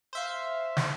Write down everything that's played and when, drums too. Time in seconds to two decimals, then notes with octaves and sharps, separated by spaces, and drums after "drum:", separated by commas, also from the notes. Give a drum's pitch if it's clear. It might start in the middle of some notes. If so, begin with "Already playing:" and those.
0.13 C5 E5 F5
0.77 drum: snare